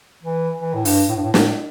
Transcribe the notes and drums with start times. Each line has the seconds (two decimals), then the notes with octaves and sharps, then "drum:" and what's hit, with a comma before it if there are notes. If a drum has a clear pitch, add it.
0.23 E3
0.60 E3
0.74 A2
0.85 G2, drum: open hi-hat
1.09 A2
1.16 G2
1.23 A2
1.34 A2, drum: snare